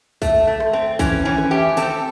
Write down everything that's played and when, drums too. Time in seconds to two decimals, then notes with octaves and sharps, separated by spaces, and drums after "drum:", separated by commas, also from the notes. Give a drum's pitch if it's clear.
0.22 A3, drum: kick, tambourine
0.47 A3
0.60 drum: rim click
0.73 C4
0.99 E3 C#4, drum: kick, tambourine
1.25 E3 C#4
1.38 drum: rim click
1.51 A3 G4
1.77 C4 A4, drum: tambourine